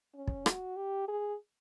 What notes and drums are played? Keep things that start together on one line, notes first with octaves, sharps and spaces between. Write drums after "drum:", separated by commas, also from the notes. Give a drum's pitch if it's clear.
C#4
drum: kick
F#4, drum: rim click
G4
G#4